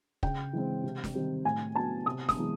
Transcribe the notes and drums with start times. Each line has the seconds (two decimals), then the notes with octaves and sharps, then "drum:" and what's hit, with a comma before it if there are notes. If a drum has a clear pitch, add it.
0.23 C#3 G5, drum: kick
0.53 E3 G#3 C4
0.84 C3
1.04 drum: snare
1.15 D#3 G3 C4
1.45 A2 G#5
1.75 F#3 B3 A5
2.06 C3 D#6
2.29 D#6, drum: snare
2.36 E3 G#3 B3